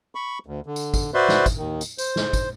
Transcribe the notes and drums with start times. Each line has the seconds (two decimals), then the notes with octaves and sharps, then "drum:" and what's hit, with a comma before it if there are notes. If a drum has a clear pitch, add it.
0.15 B5 C#6
0.46 D2
0.66 D3
0.76 drum: tambourine
0.94 drum: kick, tambourine
1.14 F#4 B4 C5 D5 E5 C6
1.29 drum: snare
1.46 drum: kick, tambourine
1.58 D#2 D#3
1.81 drum: tambourine
1.98 C5, drum: tambourine
2.16 drum: snare
2.33 drum: kick, tambourine